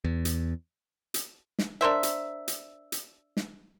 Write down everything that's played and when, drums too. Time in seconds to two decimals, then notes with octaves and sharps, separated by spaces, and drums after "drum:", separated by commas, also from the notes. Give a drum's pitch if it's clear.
0.04 E2
0.25 drum: hi-hat
1.14 drum: hi-hat
1.59 drum: snare
1.81 D4 A#4 C5 E5
2.03 drum: hi-hat
2.48 drum: hi-hat
2.92 drum: hi-hat
3.37 drum: snare